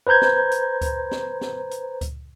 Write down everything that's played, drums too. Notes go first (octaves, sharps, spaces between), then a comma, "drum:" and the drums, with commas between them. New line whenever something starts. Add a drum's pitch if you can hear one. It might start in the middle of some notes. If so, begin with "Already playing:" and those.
B4 C5 A#5 G6 G#6
drum: snare
drum: hi-hat
drum: kick C#2, hi-hat
drum: snare
drum: snare
drum: hi-hat
drum: kick C#2, hi-hat